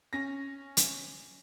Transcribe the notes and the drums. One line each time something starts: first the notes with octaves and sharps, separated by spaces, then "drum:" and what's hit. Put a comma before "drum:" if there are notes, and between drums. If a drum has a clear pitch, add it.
C#4 A#6
drum: hi-hat